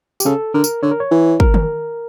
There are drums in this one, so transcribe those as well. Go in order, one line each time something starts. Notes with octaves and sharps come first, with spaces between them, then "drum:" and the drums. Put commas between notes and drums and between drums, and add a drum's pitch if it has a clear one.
G4, drum: tambourine
C#3 A4
D3 A#4
drum: tambourine
D3 C#5
A#4
C#5
E3
A#4, drum: kick
drum: tom D#3